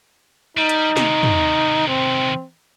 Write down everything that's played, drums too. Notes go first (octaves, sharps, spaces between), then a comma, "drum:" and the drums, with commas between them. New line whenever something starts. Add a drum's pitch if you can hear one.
G3 D#4
drum: hi-hat
C3 D#3, drum: snare
drum: tom
C4